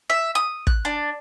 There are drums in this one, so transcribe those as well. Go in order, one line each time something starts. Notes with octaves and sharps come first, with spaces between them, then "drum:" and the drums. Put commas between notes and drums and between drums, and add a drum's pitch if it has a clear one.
E5
D#6
F#6, drum: kick
D4